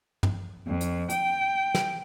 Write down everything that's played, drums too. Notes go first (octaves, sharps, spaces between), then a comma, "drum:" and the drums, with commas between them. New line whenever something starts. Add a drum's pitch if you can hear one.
drum: tom
F2
drum: hi-hat
G5, drum: hi-hat
drum: snare